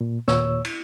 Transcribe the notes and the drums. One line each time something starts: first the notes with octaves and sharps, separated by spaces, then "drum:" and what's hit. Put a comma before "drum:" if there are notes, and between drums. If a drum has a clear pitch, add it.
A#2
D#2 A#2 C#5 E6, drum: snare
drum: cymbal